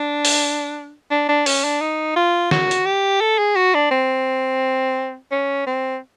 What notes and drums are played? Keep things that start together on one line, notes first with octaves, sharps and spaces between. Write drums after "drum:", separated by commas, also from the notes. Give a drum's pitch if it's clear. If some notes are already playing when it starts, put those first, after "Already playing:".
Already playing: D4
drum: open hi-hat
D4
D4
C#4, drum: open hi-hat
D4
D#4
F4
F#4, drum: snare
drum: hi-hat
G4
A4
G#4
F#4
D4
C4
C#4
C4